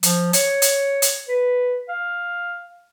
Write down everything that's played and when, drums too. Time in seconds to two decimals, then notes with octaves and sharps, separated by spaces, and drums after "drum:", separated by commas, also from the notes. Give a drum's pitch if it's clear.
0.03 F3, drum: hi-hat
0.33 C#5, drum: hi-hat
0.62 drum: hi-hat
1.02 drum: hi-hat
1.28 B4
1.89 F5